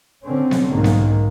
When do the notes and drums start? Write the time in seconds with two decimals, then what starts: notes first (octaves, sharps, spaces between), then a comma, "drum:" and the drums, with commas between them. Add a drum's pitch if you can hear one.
0.24 D3 C4 C#4
0.51 drum: snare B3
0.68 B1 G#2 D#3 G#3 A#3
0.84 drum: snare B3